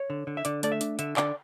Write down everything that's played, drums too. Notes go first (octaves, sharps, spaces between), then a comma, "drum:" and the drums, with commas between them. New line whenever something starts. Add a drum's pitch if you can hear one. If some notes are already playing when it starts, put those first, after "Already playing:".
Already playing: C#5
D3
D3
E5
D3 D5, drum: hi-hat
A3 D5, drum: hi-hat
E5
D4, drum: hi-hat
D3 E5, drum: hi-hat
D3 D5, drum: clap